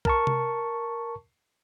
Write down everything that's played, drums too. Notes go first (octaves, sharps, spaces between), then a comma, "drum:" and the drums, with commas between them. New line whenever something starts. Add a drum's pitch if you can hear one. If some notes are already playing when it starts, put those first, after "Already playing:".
A#4 A5 C#6, drum: kick B1
drum: tom C3